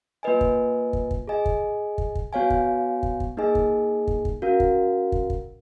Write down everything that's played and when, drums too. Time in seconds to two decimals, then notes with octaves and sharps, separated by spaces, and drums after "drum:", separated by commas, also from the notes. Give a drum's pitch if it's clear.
0.23 A#3 F4 B4 D#5 G#5
0.41 drum: kick
0.93 drum: kick
1.11 drum: kick
1.27 G#4 D#5 G#5
1.46 drum: kick
1.98 drum: kick
2.15 drum: kick
2.33 B3 F#4 C#5 F5 G#5
2.50 drum: kick
3.03 drum: kick
3.20 drum: kick
3.37 A#3 D#4 G#4 D#5 G#5
3.55 drum: kick
4.07 drum: kick
4.25 drum: kick
4.42 C#4 F#4 A#4 F5
4.60 drum: kick
5.12 drum: kick
5.30 drum: kick